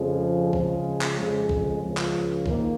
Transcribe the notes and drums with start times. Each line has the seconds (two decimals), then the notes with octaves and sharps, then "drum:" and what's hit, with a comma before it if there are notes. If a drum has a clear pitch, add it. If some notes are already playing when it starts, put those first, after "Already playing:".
Already playing: F2 C#3 F3 G#3
0.53 C#3 F3 G#3 C#4, drum: kick B1
1.01 drum: clap
1.17 F2 C#3 G#3
1.49 drum: kick B1
1.81 C#2 C#3 F3
1.97 drum: clap
2.46 D#3 A#3, drum: kick B1